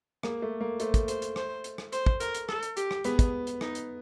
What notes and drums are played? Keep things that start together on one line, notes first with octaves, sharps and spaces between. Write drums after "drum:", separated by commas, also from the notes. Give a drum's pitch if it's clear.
A#3 G#4, drum: rim click
A3
A#3
A3 C5, drum: hi-hat
drum: kick, hi-hat
C5, drum: hi-hat
drum: hi-hat
C5, drum: rim click
drum: hi-hat
drum: rim click
C5, drum: hi-hat
drum: kick
A#4, drum: hi-hat
drum: hi-hat
A4, drum: rim click
drum: hi-hat
G4, drum: hi-hat
drum: rim click
B3 G#4, drum: hi-hat
drum: kick, hi-hat
drum: hi-hat
D#4, drum: rim click
drum: hi-hat